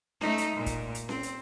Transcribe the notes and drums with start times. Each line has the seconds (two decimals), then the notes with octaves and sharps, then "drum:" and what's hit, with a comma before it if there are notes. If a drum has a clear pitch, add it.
0.21 A3 D#4, drum: snare C#4
0.38 drum: hi-hat
0.56 A#2
0.66 drum: kick, hi-hat
0.95 drum: hi-hat
1.09 C4, drum: snare C#4
1.23 drum: hi-hat